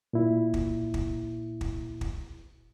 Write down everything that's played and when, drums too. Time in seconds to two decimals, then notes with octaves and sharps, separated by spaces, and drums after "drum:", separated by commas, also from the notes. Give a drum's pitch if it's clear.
0.13 A#2 E4
0.54 drum: kick
0.94 drum: kick
1.61 drum: kick
2.01 drum: kick